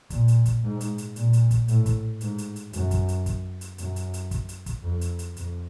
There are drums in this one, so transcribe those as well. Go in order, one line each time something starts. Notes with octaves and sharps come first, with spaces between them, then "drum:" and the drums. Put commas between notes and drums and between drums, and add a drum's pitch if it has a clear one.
A#2, drum: kick, hi-hat
drum: hi-hat
drum: kick, hi-hat
G#2
drum: hi-hat
drum: hi-hat
A#2, drum: hi-hat
drum: hi-hat
drum: kick, hi-hat
A2, drum: hi-hat
drum: kick, hi-hat
G#2, drum: hi-hat
drum: hi-hat
drum: hi-hat
F#2, drum: hi-hat
drum: kick, hi-hat
drum: hi-hat
drum: kick, hi-hat
drum: hi-hat
F#2, drum: hi-hat
drum: hi-hat
drum: hi-hat
drum: kick, hi-hat
drum: hi-hat
drum: kick, hi-hat
F2
drum: hi-hat
drum: hi-hat
F2, drum: hi-hat